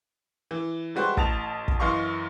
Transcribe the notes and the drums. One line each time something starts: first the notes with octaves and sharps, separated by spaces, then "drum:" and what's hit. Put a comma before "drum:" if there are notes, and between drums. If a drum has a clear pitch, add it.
E3
G3 G#3 F#4 B4 C5
A1 A5 F7, drum: kick
drum: kick
F#2 E3 D#5 F5 C6 C#6